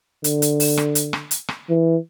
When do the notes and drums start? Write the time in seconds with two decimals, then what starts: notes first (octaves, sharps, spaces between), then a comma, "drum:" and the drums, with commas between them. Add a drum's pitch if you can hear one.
0.24 D3, drum: hi-hat
0.42 drum: hi-hat
0.60 drum: open hi-hat
0.77 drum: rim click
0.95 drum: hi-hat
1.13 drum: rim click
1.31 drum: hi-hat
1.48 drum: rim click
1.69 E3